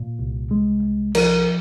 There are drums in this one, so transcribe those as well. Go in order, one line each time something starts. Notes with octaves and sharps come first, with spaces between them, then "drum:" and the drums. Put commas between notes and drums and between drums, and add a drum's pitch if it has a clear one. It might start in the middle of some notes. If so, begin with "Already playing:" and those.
Already playing: A#2
C2
G#3
C2
F3 A#4, drum: cymbal